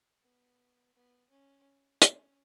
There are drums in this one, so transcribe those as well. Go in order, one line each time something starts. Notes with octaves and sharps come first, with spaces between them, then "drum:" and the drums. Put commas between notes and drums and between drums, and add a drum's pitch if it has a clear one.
B3
B3
C#4
C#4, drum: hi-hat